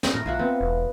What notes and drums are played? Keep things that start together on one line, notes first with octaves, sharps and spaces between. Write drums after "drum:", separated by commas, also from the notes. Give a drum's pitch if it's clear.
drum: snare
A2 A#4
B1 F4 E5 F#5
B3 C4
E1